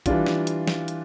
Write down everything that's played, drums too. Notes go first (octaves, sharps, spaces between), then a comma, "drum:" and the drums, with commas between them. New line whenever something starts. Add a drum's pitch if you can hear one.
E3 G3 D4 F4, drum: kick, hi-hat
drum: snare
drum: hi-hat
drum: snare
drum: hi-hat